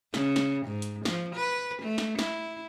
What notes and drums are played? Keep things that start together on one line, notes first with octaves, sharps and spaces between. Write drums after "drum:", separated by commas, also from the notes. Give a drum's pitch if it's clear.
C#3, drum: snare
drum: snare
G#2
drum: hi-hat
F3, drum: snare
B4
A3
drum: snare
E4, drum: snare